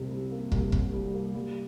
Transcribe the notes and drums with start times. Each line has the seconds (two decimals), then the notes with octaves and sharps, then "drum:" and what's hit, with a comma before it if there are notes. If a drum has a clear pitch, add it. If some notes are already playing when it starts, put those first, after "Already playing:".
Already playing: C2 C3
0.10 G3
0.31 A#3
0.52 C2, drum: kick
0.72 C3, drum: kick
0.93 G3
1.14 A#3
1.34 G3